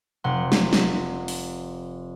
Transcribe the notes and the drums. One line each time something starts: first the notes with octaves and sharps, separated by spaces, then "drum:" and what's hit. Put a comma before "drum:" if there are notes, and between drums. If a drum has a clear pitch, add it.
F1 F#5 C6
drum: snare
drum: snare
drum: open hi-hat